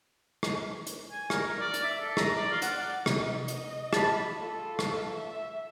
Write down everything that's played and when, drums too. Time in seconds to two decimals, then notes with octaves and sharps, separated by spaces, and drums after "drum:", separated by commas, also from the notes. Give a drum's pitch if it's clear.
0.43 drum: rim click
0.87 drum: hi-hat
1.11 G#5
1.30 A#4, drum: rim click
1.47 A#4
1.60 D5
1.74 drum: hi-hat
1.84 E5
2.01 A4
2.17 A#5, drum: rim click
2.36 D5
2.50 F4
2.62 F#5, drum: hi-hat
2.77 D5
3.06 C3 D#5, drum: rim click
3.48 drum: hi-hat
3.93 A5 B5, drum: rim click
4.39 F4 A4
4.79 drum: rim click
5.14 E5